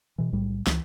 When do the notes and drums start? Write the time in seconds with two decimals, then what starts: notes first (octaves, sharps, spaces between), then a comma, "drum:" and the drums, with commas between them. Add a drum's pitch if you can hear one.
0.18 B2 E3
0.32 B1 A2 G3
0.67 C#2 E3, drum: snare